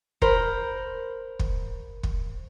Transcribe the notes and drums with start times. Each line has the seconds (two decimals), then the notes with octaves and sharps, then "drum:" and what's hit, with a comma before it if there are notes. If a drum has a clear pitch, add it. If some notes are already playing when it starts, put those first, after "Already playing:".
0.22 A#4 C5 B5, drum: kick
1.39 drum: kick
2.03 drum: kick